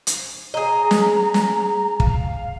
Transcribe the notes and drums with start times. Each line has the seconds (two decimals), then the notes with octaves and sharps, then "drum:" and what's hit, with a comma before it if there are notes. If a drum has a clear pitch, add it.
0.07 drum: hi-hat
0.54 G#4 D#5 A#5
0.91 drum: snare
1.34 drum: snare
2.00 F5, drum: kick